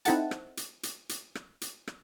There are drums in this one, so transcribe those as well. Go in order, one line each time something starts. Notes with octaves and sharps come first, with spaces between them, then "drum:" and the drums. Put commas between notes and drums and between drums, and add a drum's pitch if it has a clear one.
C4 D#4 E4 A4 F#5 A5, drum: hi-hat
drum: rim click
drum: hi-hat
drum: hi-hat
drum: hi-hat
drum: rim click
drum: hi-hat
drum: rim click